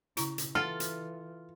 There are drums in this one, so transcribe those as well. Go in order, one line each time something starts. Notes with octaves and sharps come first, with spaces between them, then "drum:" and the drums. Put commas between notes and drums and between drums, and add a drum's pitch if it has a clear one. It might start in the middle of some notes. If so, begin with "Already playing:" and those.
C#3 E4 A#5 C#6, drum: hi-hat
drum: hi-hat
E3 F4 A4 F#5 F6
drum: hi-hat